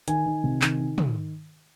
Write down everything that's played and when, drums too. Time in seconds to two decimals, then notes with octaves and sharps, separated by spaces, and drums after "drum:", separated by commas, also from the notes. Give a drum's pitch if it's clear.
0.08 D#3 G#5, drum: hi-hat
0.26 D#3
0.44 C3
0.62 D#3, drum: clap
0.80 D#3
0.98 D#3, drum: tom